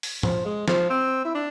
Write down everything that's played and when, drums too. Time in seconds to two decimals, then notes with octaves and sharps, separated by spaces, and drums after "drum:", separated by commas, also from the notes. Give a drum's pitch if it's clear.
0.03 drum: open hi-hat
0.23 F3, drum: tom
0.45 G#3
0.68 F3, drum: snare
0.90 C4
1.25 E4
1.35 D4